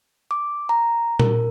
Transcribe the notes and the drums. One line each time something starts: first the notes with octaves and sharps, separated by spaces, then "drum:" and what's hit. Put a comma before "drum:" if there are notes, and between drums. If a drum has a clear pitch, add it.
D6
A#5
A#4, drum: tom A#2